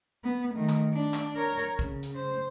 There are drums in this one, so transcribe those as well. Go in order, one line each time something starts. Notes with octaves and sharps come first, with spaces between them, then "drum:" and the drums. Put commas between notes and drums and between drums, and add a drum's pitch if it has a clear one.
B3
D#3 A3
drum: clap
D4
drum: clap
A#4 C#5
drum: hi-hat
C#3, drum: kick
drum: hi-hat
C5